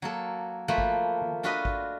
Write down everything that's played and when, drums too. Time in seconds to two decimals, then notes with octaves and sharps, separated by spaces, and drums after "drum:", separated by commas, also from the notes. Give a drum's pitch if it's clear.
0.02 F#3 A#3 A4
0.68 F3 A3 A#3 B4
0.78 drum: kick G#1
1.22 drum: tom
1.43 D4 F4 F#4 B4 D#5 B5
1.65 drum: kick G#1